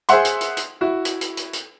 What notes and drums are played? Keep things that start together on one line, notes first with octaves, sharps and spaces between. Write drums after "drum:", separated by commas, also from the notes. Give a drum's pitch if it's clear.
G#4 C5 E5 F#5 C6, drum: hi-hat
drum: hi-hat
drum: hi-hat
drum: hi-hat
E4 F#4
drum: hi-hat
drum: hi-hat
drum: hi-hat
drum: hi-hat